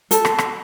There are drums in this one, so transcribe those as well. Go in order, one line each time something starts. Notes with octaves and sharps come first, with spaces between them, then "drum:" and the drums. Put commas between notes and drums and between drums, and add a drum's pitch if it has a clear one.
A4, drum: hi-hat
drum: rim click
drum: rim click